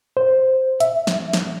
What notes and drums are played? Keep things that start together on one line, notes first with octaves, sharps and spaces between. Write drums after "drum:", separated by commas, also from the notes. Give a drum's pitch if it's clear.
C5
E5, drum: hi-hat
drum: snare
drum: snare